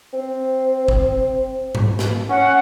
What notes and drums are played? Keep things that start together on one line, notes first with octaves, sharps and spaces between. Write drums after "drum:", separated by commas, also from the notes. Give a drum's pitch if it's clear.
C4
drum: kick
drum: tom G#2
drum: snare
C#4 F#5